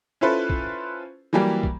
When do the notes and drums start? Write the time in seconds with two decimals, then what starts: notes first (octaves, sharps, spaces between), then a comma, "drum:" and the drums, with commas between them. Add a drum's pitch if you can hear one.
0.21 C#4 E4 F4 A4 B4 C5
0.50 drum: kick
1.33 E3 F#3 G3 A#3 G4
1.63 drum: kick